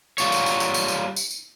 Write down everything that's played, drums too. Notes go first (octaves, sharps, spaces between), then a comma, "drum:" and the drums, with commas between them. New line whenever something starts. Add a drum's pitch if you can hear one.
G3 F4 C#5, drum: tambourine
drum: tambourine
drum: tambourine
drum: tambourine
drum: tambourine
drum: tambourine
drum: tambourine
drum: tambourine